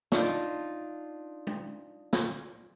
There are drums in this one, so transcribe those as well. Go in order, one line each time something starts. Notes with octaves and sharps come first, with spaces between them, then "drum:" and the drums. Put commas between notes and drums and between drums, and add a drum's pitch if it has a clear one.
D4 D#4 F4, drum: snare
drum: tom
drum: snare